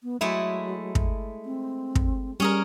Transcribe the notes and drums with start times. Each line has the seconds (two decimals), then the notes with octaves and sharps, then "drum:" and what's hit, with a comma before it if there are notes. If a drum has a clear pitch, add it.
0.03 B3
0.21 F#3 G#3 A3 E4 E5
0.95 drum: kick
1.45 C4
1.95 drum: kick
2.40 G3 C#4 G#4 A#4